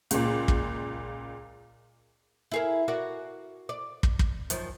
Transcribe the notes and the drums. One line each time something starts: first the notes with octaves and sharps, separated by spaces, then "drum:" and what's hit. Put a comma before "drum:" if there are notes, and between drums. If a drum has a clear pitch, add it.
C#2 A#2, drum: hi-hat
drum: kick
E4 G#4 A#4
F#4 A#4 D5
D5
drum: kick
drum: kick
F#2 D#3 F3, drum: hi-hat